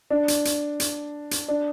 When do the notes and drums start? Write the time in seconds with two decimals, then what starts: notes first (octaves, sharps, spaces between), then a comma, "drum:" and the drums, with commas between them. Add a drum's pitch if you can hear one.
0.10 D4
0.28 drum: hi-hat
0.45 drum: hi-hat
0.80 drum: hi-hat
1.31 drum: hi-hat
1.48 D4